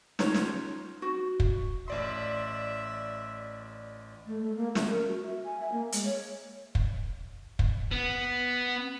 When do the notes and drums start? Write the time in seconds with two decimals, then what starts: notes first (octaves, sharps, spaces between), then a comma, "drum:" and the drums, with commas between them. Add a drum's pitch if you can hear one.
0.19 D#4 F4 C#5, drum: snare
0.34 drum: snare
1.02 F#4
1.40 drum: kick
1.88 A1 D5 E5 C6
4.27 A3
4.42 A3
4.56 A#3
4.75 E5, drum: snare
4.90 A#4
5.07 F#4
5.26 E5
5.44 G#5
5.60 E5
5.72 A#3
5.92 G#3, drum: hi-hat
6.05 C#5
6.75 drum: kick
7.59 drum: kick
7.92 B3